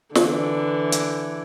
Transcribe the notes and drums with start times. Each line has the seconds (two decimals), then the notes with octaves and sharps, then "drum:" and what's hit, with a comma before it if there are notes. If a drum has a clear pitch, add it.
0.15 D3 E3, drum: snare
0.92 drum: hi-hat